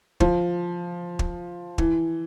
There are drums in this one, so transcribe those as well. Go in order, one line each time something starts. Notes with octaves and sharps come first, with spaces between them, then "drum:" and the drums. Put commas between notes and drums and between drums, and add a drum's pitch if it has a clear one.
F3, drum: kick
drum: kick
E3, drum: kick